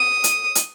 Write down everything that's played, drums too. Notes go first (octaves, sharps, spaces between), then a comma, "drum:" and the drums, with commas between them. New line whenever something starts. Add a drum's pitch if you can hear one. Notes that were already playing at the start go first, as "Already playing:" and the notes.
Already playing: D#6
drum: hi-hat
drum: hi-hat